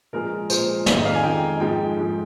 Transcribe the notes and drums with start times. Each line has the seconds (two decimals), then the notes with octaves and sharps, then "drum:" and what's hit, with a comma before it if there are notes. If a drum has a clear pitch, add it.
0.13 A#2 F3 G#3 A#4
0.50 A#2 F3 G#3 C5, drum: tambourine
0.86 F2 D#3 G#3 D5, drum: snare
0.96 D#5
1.05 F5
1.14 G#5
1.23 F2 D#3 G#3 G5
1.60 G#2 F3 G#3 G5
1.97 G#2 F3 G#3